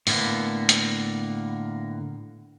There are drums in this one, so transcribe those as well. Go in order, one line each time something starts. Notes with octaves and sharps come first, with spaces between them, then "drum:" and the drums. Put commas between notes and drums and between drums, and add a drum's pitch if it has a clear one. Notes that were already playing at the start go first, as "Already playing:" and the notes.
A2 D3 A#3 B3, drum: open hi-hat
drum: hi-hat